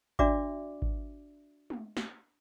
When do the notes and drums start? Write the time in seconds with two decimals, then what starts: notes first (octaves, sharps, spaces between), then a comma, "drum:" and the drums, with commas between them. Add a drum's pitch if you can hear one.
0.19 D4 F#4 D5 E5 D6, drum: kick G#1
0.82 drum: kick G#1
1.70 drum: tom G#3
1.97 drum: snare